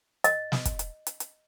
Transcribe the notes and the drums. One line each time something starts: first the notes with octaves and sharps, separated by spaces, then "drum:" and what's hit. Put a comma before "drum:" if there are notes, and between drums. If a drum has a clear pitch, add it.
D#5, drum: hi-hat
drum: snare
drum: kick, hi-hat
drum: hi-hat
drum: hi-hat
drum: hi-hat